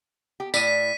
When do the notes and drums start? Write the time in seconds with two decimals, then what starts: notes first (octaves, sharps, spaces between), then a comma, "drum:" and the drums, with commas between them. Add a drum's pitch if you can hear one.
0.40 G4
0.54 A2 E4 D5 B6 D#7, drum: tambourine
0.67 B6